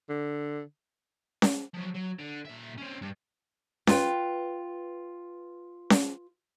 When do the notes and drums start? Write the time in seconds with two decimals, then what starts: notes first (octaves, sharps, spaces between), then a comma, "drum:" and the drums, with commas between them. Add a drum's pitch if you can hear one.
0.09 D3
1.42 drum: snare C#4
1.74 F3 F#3
1.95 F#3
2.19 D3
2.45 A#2 E5
2.78 C4 C#4
3.02 G2
3.87 F4 B4 G5, drum: snare C#4
5.90 drum: snare C#4